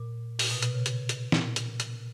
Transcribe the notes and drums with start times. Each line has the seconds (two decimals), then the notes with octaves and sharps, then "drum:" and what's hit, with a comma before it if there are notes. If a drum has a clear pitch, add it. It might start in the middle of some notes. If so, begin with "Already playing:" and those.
Already playing: A#2
0.39 A#2, drum: open hi-hat
0.51 B2
0.62 B2, drum: hi-hat
0.74 C#3
0.86 drum: hi-hat
1.09 drum: hi-hat
1.32 A#2, drum: snare
1.56 drum: hi-hat
1.80 drum: hi-hat